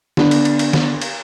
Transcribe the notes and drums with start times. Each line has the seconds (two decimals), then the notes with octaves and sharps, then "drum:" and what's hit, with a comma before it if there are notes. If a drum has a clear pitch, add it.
0.17 D3 B3 D4, drum: snare
0.31 drum: cymbal
0.45 drum: cymbal
0.59 drum: cymbal
0.73 drum: snare
1.02 drum: cymbal